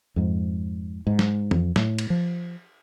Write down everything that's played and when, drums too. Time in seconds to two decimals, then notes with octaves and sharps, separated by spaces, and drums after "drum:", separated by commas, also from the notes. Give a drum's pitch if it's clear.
0.16 F2 G#2
1.07 G#2
1.19 drum: snare
1.51 F2, drum: tom E3
1.76 A2, drum: snare
1.99 drum: cymbal
2.10 F3